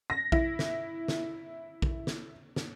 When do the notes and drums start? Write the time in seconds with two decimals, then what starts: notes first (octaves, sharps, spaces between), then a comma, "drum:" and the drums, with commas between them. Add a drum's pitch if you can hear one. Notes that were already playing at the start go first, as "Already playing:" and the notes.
0.10 A#6
0.32 E4, drum: kick
0.59 drum: snare
1.08 drum: snare
1.82 drum: kick
2.07 drum: snare
2.56 drum: snare